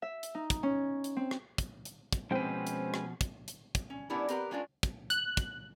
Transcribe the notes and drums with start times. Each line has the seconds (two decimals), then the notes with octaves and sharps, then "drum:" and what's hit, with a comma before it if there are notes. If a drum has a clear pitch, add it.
0.02 E5
0.23 drum: hi-hat
0.35 D#4
0.50 drum: kick, hi-hat
0.63 C#4
1.04 drum: hi-hat
1.16 C4
1.31 drum: rim click
1.58 drum: kick, hi-hat
1.85 drum: hi-hat
2.12 drum: kick, hi-hat
2.31 B2 F3 G#3 C4 C#4 B4 G5
2.67 drum: hi-hat
2.94 drum: rim click
3.21 drum: kick, hi-hat
3.48 drum: hi-hat
3.75 drum: kick, hi-hat
3.90 C#4
4.10 G3 B3 C#4 D4 E4 A#4
4.29 B3 C4 G4 A#4 B4 A#5, drum: hi-hat
4.51 G#3 C#4 D4 F4 F#4 A#4
4.83 drum: kick, hi-hat
5.10 F#6, drum: hi-hat
5.37 drum: kick, hi-hat